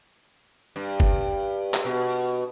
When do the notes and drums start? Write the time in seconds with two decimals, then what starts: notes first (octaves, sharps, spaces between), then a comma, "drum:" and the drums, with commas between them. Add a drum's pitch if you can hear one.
0.76 G2
1.00 drum: kick G1
1.74 drum: clap
1.85 B2